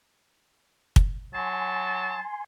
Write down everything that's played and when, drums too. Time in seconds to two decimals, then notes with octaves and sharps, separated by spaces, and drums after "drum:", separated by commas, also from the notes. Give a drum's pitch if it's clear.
0.96 drum: kick
1.34 F#3 G#5 A5 C6